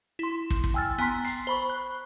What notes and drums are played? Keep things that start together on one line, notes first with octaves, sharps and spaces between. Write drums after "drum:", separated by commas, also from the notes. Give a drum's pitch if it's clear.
E4 C6
drum: kick
drum: kick
G5 G#5 E6 F6 A6
B3 G#5 A#5 C6 B6
C7, drum: hi-hat
C5 B5 C#6
F#6